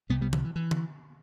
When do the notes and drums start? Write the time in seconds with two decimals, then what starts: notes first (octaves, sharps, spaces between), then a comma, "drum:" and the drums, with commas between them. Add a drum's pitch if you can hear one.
0.10 C2 C3 G3 B3
0.21 G3 B3
0.33 E3, drum: tom D3
0.45 E3
0.56 E3
0.71 drum: tom D3